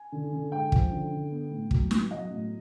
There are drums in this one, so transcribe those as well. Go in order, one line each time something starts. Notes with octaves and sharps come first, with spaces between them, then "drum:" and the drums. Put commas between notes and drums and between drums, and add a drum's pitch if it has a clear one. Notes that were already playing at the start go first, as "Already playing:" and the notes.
Already playing: G#5
D3
D3
G#3 G5
F3, drum: kick
D3
D3
B3
A2
F#3, drum: kick
B3, drum: snare
F#3 D#5
A2